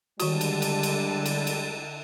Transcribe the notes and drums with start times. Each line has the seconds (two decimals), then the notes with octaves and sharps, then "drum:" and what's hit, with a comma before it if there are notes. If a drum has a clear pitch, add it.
0.20 D3 D#3 G3 G#3 F#4 A5, drum: cymbal
0.41 drum: cymbal
0.62 drum: cymbal
0.83 drum: cymbal
1.26 drum: cymbal
1.47 drum: cymbal